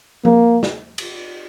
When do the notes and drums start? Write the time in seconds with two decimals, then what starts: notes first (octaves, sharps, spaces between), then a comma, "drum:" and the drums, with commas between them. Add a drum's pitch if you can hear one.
0.25 A#3, drum: tom F3
0.63 drum: snare
0.98 drum: cymbal